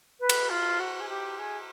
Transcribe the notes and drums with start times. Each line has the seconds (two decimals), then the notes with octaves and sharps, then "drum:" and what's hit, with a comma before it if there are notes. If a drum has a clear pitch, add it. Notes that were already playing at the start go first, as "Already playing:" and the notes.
0.20 B4
0.29 drum: cymbal
0.49 F4
0.79 F#4
1.00 G#4
1.08 G4
1.39 G#4